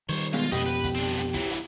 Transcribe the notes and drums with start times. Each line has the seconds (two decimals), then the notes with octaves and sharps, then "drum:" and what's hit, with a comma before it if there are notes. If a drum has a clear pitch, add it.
0.09 D#3 G3 C5 C#5
0.34 B2 G#3 F4 F5, drum: hi-hat
0.52 F2 B2 G4 B4 D#5, drum: hi-hat
0.66 B4, drum: hi-hat
0.84 drum: kick, hi-hat
0.95 C4 D4
1.17 drum: hi-hat
1.34 E3 F#3, drum: kick, hi-hat
1.50 drum: hi-hat